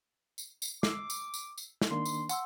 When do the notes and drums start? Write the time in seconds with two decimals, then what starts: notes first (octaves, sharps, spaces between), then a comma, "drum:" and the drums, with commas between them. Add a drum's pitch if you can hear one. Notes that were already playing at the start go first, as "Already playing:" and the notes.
0.38 drum: tambourine
0.62 drum: tambourine
0.83 D6 E6 C7, drum: snare
1.10 drum: tambourine
1.34 drum: tambourine
1.58 drum: tambourine
1.82 drum: snare
1.91 D#3 A#3 D4 C6
2.05 drum: tambourine
2.29 F#5 C6 E6, drum: tambourine